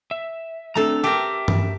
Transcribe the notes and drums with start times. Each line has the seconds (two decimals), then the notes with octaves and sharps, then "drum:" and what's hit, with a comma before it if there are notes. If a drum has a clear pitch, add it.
0.11 E5
0.75 A3 C4 D4 A4 A#5
1.04 G4 A#4 E5 G5 A5
1.48 drum: tom G2